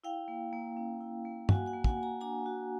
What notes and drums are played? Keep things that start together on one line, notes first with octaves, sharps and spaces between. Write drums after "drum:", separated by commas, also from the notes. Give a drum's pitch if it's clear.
E4 F5 G5
A#3
A#3
C#4
E4
A#3
F#4 F#5 G#5, drum: tom
F#5 G#5
A#3
F#5 G#5, drum: kick
A#3
G#5 A#5
D4 G#5 A#5
F#4